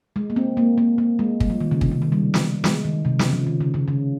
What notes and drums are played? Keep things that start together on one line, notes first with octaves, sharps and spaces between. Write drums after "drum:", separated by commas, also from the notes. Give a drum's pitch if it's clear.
G#3
A#3
C4
A#3
A#3
A#3
G#3
G3, drum: kick
F3
D#3
C#3
C3, drum: kick
C#3
D#3
G3
drum: snare
G#3, drum: snare
D#3
C3
C#3, drum: snare
F3
D#3
C#3
C#3
C#3